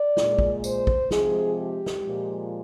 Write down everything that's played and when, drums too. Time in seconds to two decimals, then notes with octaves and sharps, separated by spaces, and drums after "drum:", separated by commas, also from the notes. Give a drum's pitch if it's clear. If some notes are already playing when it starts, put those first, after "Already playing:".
Already playing: D5
0.17 A#2 G#3, drum: snare
0.39 drum: kick
0.64 C5, drum: tambourine
0.87 drum: kick
1.11 C3 F3 G#3 G#4, drum: snare
1.58 G4
1.86 drum: snare
2.04 A#2 F3 G#3